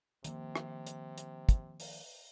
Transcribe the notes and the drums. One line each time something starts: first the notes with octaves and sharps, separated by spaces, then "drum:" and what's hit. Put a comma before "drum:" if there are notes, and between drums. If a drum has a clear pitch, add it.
C3 D#3 F3 A#3, drum: hi-hat
drum: rim click
drum: hi-hat
drum: hi-hat
drum: kick, hi-hat
drum: open hi-hat